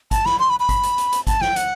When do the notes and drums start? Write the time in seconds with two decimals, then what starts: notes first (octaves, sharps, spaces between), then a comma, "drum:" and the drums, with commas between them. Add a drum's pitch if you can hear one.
0.11 A5, drum: kick G#1, hi-hat
0.26 B5, drum: snare
0.39 C6
0.50 B5
0.60 B5
0.69 drum: kick G#1, hi-hat
0.83 drum: hi-hat
0.98 drum: hi-hat
1.12 drum: hi-hat
1.27 A5, drum: kick G#1, hi-hat
1.41 G5, drum: snare
1.56 F#5, drum: hi-hat